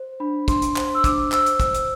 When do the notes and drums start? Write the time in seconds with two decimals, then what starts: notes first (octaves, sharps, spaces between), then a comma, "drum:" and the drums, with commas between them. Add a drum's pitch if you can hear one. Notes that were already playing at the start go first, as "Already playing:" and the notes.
Already playing: C5
0.20 D4 B5
0.48 D4 C6, drum: kick, hi-hat
0.62 drum: hi-hat
0.76 C5, drum: clap
0.95 E6
1.04 D4 D6, drum: kick, hi-hat
1.32 C5 E6, drum: clap
1.46 drum: hi-hat
1.60 C5, drum: kick, hi-hat
1.74 drum: hi-hat